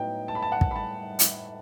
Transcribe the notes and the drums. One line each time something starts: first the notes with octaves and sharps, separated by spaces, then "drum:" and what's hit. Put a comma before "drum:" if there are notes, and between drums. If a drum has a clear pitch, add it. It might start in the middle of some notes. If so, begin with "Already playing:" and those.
Already playing: A2 F#3 B3 D#4 G5
A5
B5
A5
F#5
drum: kick
B5
A5
drum: hi-hat